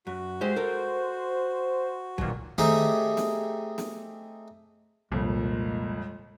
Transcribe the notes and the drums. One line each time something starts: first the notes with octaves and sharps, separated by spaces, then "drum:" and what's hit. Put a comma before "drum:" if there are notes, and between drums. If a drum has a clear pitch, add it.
F#2 F#4
G#3 G4 C5 E5
A4 A#4
B1 A#2 D#3 F#3, drum: kick
A3 C4 D#4 G4 G#4, drum: tom D#3
drum: snare
drum: snare
G1 C2 F2 A#2 G#3